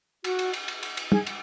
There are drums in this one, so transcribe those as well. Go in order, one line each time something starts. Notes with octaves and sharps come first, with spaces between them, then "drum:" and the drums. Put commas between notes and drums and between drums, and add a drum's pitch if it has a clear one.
F#4, drum: cymbal
drum: cymbal
drum: cymbal
drum: cymbal
drum: cymbal
drum: cymbal
G#4, drum: tom
drum: cymbal